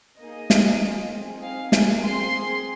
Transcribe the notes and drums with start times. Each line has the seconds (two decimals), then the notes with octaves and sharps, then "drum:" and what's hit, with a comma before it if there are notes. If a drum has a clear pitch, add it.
0.18 A#3 D#4 G#4 D#5
0.50 C4 D#4 G#4, drum: snare
0.81 A#3 F4 G#4
1.12 C4 G#4
1.41 C4 D#4 G#4 F5
1.72 A#3 G#4 G#5, drum: snare
2.04 C4 F4 G#4 C6
2.33 C4 G#4